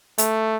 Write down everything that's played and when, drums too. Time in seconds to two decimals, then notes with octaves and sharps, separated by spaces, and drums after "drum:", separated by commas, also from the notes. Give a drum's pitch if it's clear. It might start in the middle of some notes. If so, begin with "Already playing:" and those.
0.18 A3, drum: hi-hat